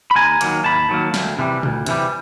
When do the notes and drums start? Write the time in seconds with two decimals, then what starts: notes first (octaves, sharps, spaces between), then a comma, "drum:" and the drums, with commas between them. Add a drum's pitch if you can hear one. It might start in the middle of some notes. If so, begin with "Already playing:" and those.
0.11 B5
0.16 D#2 G#5 A#5
0.41 D#3 F#3 A#3, drum: hi-hat
0.64 D#2 A5 B5
0.89 D#3 F#3 A#3
1.14 D2, drum: snare
1.39 C3 E3 G3
1.63 D2, drum: tom A2
1.86 C3 E3 G3, drum: hi-hat